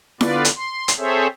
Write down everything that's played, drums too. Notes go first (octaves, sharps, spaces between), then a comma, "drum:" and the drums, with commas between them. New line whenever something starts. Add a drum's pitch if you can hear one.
D3 B3 F4 B4 D5, drum: snare E4
drum: hi-hat
C6
drum: hi-hat
C4 G#4 A4 C5 C#5 E5